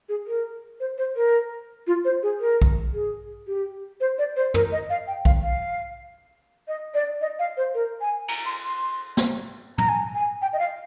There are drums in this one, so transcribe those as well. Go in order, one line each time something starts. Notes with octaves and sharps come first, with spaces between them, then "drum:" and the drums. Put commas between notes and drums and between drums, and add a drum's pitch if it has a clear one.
G#4
A#4
C5
C5
A#4
F4
C5
G#4
A#4
drum: kick B1
G#4
G4
C5
D5
C5
A#4, drum: tom
D#5
F5
G5
F5, drum: kick B1
F5
D#5
D5
D#5
F5
C5
A#4
G#5
A#5, drum: cymbal
C6
C6
drum: snare
A#5, drum: tom
G#5
G#5
G5
D#5
F5